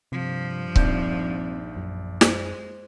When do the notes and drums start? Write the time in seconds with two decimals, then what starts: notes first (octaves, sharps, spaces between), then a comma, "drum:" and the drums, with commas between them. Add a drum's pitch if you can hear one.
0.12 G2 C3 F3
0.76 A#1 C4 D#4 D5 G6, drum: kick C#1
1.77 F#2
2.21 G#3 C5, drum: snare